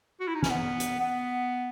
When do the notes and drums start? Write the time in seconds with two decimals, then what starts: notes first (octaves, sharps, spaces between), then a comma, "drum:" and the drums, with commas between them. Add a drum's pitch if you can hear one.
0.20 F#4
0.28 E4
0.35 D#4
0.43 C#4, drum: snare
0.50 B3
0.80 drum: hi-hat
1.00 B3